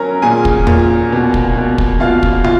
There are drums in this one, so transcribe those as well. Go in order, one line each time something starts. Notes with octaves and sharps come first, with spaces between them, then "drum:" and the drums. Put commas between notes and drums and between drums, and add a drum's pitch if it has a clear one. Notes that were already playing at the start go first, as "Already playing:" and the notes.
Already playing: F#3 C#4 A#4 A#5
A#2 G#4 G#5
drum: kick
A#2, drum: tom E2
B2
drum: kick
B2
drum: kick
B2 F4 F5
drum: kick
F4 F5, drum: tom